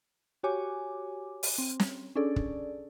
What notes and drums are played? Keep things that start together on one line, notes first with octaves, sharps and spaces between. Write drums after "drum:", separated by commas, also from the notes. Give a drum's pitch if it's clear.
F#4 G4 C#5 G#5 D6
drum: open hi-hat
C4
drum: snare
C#4 D4 G#4 A4 D5
drum: kick